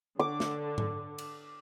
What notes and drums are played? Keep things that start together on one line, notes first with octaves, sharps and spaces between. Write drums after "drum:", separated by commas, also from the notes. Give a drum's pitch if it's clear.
D3 D6
drum: snare
drum: tom G#2
drum: cymbal